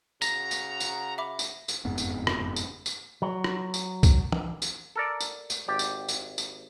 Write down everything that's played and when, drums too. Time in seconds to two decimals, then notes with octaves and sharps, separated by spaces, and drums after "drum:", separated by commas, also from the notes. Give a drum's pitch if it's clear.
0.22 C#3 F#4 A#5 A#6, drum: tambourine
0.51 drum: tambourine
0.80 drum: tambourine
1.18 E5 B5 D6
1.39 drum: tambourine
1.68 drum: tambourine
1.85 F#1 F2 G#2 B3
1.98 drum: tambourine
2.27 drum: rim click
2.56 drum: tambourine
2.86 drum: tambourine
3.22 F#3
3.44 drum: rim click
3.74 drum: tambourine
4.03 drum: kick, tambourine
4.32 drum: tom
4.62 drum: tambourine
4.96 A4 A#4 D5
5.20 drum: tambourine
5.50 drum: tambourine
5.68 G#1 G4 D5
5.79 drum: tambourine
6.09 drum: tambourine
6.38 drum: tambourine